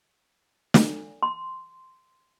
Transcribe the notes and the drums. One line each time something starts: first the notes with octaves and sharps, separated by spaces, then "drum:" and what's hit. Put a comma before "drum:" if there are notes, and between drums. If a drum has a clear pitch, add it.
drum: snare
C6